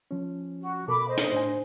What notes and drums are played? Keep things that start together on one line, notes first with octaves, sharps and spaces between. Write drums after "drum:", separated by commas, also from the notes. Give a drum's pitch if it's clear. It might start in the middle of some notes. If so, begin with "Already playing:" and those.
F3 C#4
F#4
B2 A4 A#4 B5 D6
C5 D#5
drum: hi-hat
A2 D4 G#5